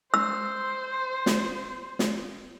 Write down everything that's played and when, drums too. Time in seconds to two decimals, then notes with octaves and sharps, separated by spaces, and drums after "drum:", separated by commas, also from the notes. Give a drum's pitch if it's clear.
0.14 C5 E6
1.26 drum: snare
1.99 drum: snare